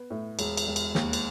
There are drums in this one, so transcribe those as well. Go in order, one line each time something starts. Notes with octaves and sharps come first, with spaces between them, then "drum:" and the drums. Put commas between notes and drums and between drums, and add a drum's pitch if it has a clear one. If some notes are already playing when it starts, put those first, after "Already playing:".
Already playing: B3
A2
E1, drum: cymbal
drum: cymbal
E1
drum: cymbal
D#2, drum: snare
drum: cymbal